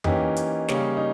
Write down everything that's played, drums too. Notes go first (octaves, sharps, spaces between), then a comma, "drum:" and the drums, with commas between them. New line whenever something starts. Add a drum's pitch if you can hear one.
E3 A#3 C#4 D#4 G4, drum: tom F2
drum: hi-hat
C#3 G3 A#3 C#4, drum: snare
D#4